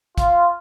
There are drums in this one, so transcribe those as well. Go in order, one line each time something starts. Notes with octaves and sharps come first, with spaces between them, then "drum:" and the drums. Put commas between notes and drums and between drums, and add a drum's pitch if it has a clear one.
F4, drum: kick, hi-hat